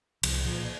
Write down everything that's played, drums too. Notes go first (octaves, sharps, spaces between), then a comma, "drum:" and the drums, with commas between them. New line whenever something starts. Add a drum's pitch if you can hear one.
C2 F3, drum: cymbal
A#2 F3